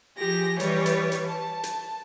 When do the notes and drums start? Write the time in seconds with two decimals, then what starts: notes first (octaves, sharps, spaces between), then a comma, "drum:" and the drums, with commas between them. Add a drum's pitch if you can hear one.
0.18 F3 G4 G#4 A#6
0.60 E3 G3 B4 C#5, drum: hi-hat
0.86 drum: hi-hat
1.12 drum: hi-hat
1.27 A5
1.63 drum: hi-hat